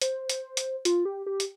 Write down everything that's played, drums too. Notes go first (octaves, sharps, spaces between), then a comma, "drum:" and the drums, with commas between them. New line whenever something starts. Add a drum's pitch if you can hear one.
C5, drum: hi-hat
drum: hi-hat
drum: hi-hat
F4, drum: hi-hat
G4
G4
drum: hi-hat